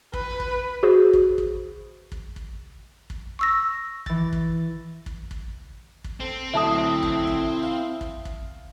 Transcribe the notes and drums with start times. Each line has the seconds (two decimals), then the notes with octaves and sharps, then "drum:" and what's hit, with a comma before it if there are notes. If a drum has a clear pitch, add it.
0.14 B4, drum: kick
0.40 drum: kick
0.83 F#4 G#4 C5
1.13 drum: kick
1.38 drum: kick
2.12 drum: kick
2.36 drum: kick
3.10 drum: kick
3.39 C#6 E6 A#6
4.06 E3 A6, drum: kick
4.33 drum: kick
5.06 drum: kick
5.31 drum: kick
6.04 drum: kick
6.20 C4 A4 D7
6.54 B1 A2 D3 E4 E5 A5 D#6
7.03 drum: kick
7.27 drum: kick
7.63 F5
8.01 drum: kick
8.25 drum: kick